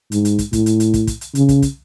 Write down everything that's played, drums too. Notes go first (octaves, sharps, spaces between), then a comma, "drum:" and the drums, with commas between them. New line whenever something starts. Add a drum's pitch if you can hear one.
G#2, drum: hi-hat
drum: hi-hat
drum: kick, hi-hat
A2, drum: kick, hi-hat
drum: hi-hat
drum: hi-hat
drum: kick, hi-hat
drum: kick, hi-hat
drum: hi-hat
C#3, drum: hi-hat
drum: kick, hi-hat
drum: kick, hi-hat